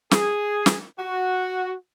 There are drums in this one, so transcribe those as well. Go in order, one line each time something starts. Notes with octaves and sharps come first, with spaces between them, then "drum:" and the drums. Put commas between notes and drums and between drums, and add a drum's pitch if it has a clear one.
G#4, drum: snare
drum: snare
F#4